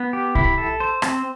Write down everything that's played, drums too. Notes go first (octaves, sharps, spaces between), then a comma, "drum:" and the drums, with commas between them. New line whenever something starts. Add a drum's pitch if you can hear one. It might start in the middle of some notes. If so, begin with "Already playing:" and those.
Already playing: B3
G4
E4, drum: kick
A4
C5
C4, drum: rim click